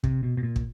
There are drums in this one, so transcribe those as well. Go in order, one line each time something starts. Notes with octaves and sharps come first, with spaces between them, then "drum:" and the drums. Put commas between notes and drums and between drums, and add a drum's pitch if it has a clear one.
C3, drum: kick
B2
B2
A#2
drum: kick